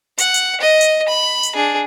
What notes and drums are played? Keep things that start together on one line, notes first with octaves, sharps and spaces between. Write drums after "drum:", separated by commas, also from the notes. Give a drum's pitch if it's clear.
F#5, drum: hi-hat
drum: hi-hat
D#5
drum: hi-hat
B5
drum: hi-hat
D4 G#4